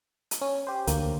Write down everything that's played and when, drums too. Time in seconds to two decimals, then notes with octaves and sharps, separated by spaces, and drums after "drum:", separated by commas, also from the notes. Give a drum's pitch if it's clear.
0.31 drum: hi-hat
0.41 C#4
0.67 G4 C5
0.87 D2 A#3, drum: hi-hat